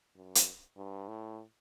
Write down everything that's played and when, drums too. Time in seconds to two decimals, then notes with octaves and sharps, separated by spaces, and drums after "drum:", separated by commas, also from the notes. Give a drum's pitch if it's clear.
0.16 F#2
0.35 drum: hi-hat
0.77 G2
1.08 A2